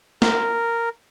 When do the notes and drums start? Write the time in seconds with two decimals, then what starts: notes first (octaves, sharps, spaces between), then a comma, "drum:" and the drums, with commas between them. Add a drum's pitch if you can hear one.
0.22 A#4, drum: snare